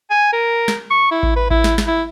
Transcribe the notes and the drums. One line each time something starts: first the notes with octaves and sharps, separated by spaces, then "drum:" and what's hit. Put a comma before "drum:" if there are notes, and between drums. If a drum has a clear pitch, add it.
G#5
A#4
drum: snare
C#6
E4
drum: kick A1
B4
E4, drum: kick A1
drum: snare
drum: snare
E4